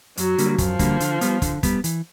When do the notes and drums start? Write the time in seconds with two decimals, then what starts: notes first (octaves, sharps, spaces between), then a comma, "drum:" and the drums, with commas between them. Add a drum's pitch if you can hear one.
0.17 F#2 F#3, drum: hi-hat
0.38 D3 G3 A#3, drum: hi-hat
0.58 F#2 F3, drum: kick, hi-hat
0.79 D3 G3 A#3, drum: kick, hi-hat
1.00 D3, drum: hi-hat
1.21 G3 B3, drum: hi-hat
1.42 D3, drum: kick, hi-hat
1.63 G3 B3, drum: kick, hi-hat
1.84 E3, drum: hi-hat